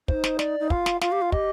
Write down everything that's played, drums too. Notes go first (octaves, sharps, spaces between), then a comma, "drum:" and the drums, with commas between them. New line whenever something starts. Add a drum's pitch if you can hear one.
D#4 C5, drum: kick
drum: snare
D5, drum: snare
D#4
F4 F5, drum: kick
drum: snare
F4 F5, drum: snare
G4
F4
G4 D#5, drum: kick